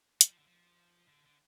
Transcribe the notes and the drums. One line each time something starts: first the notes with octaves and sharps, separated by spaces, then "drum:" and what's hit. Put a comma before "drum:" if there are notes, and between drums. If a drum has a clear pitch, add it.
G3, drum: hi-hat
F3
D3
F3
D3
D3